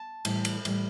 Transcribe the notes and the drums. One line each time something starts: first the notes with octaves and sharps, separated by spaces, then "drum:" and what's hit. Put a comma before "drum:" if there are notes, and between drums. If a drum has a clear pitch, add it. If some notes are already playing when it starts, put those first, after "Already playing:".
Already playing: A5
A2 E3 G3, drum: cymbal
drum: cymbal
A2 E3 G3, drum: cymbal